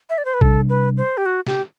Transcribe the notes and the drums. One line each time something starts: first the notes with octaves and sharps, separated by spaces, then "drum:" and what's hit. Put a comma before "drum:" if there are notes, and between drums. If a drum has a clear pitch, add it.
E5
D5
C5
B4
C3 G3 D4 A4, drum: kick A#1
B4
C5
G4
F#4
G4, drum: snare